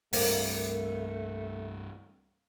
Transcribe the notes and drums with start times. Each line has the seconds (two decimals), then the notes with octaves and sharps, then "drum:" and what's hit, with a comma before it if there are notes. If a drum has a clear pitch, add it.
0.13 C2 G2 C3 A3 A#3, drum: open hi-hat